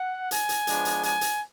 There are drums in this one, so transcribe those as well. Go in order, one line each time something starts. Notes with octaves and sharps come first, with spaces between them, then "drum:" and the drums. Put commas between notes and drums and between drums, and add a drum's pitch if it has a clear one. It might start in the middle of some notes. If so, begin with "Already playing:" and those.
Already playing: F#5
G#5, drum: hi-hat
drum: hi-hat
F3 G#3 B3 D4, drum: hi-hat
drum: hi-hat
G#5, drum: hi-hat
drum: hi-hat